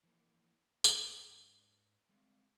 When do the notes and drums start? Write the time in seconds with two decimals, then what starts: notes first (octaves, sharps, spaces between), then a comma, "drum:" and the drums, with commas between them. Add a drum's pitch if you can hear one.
0.03 E3 F3 A#3
0.84 G#2 B4 D5, drum: tambourine
2.09 G3 G#3 C4 F5